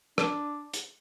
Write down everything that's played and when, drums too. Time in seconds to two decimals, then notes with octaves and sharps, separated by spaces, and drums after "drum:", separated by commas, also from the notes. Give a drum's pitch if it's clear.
0.18 D4, drum: rim click
0.74 drum: hi-hat